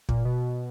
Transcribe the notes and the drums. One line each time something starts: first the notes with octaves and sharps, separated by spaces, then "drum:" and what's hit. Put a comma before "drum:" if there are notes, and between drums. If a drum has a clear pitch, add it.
A#2, drum: kick
B2